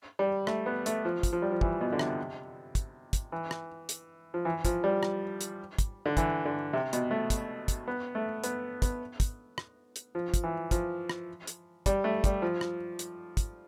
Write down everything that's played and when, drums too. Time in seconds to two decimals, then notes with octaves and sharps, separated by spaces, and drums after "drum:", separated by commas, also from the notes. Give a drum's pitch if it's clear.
0.19 G3
0.47 A3, drum: rim click
0.66 B3
0.86 A3, drum: hi-hat
1.05 F3
1.23 drum: kick, hi-hat
1.33 F3
1.42 G3
1.51 F3
1.61 E3, drum: kick
1.81 B2
1.92 D3
1.99 C3, drum: rim click
2.75 drum: kick, hi-hat
3.13 drum: kick, hi-hat
3.32 E3
3.51 drum: rim click
3.89 drum: hi-hat
4.34 F3
4.45 E3
4.65 F3, drum: kick, hi-hat
4.84 G3
5.03 drum: rim click
5.41 drum: hi-hat
5.79 drum: kick, hi-hat
6.06 D3
6.17 E3, drum: kick, hi-hat
6.45 D3
6.73 C3
6.93 B2, drum: hi-hat
7.11 A3
7.30 drum: kick, hi-hat
7.68 drum: kick, hi-hat
7.88 B3
8.15 A3
8.44 B3, drum: hi-hat
8.82 B3, drum: kick, hi-hat
9.20 drum: kick, hi-hat
9.58 drum: rim click
9.96 drum: hi-hat
10.15 F3
10.34 drum: kick, hi-hat
10.44 E3
10.71 F3, drum: kick, hi-hat
11.10 drum: rim click
11.47 drum: hi-hat
11.86 G3, drum: kick, hi-hat
12.04 A3
12.24 G3, drum: kick, hi-hat
12.42 F3
12.61 drum: rim click
12.99 drum: hi-hat
13.37 drum: kick, hi-hat